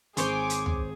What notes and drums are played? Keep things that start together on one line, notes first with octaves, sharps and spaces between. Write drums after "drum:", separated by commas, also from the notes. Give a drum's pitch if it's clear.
G#1 G#4 C5 C#5 G#5 C6 D6, drum: hi-hat
drum: hi-hat
drum: tom